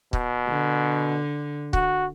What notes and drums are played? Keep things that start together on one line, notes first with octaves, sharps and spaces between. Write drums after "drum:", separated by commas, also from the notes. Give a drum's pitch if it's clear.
B2, drum: kick
D3
F#4, drum: kick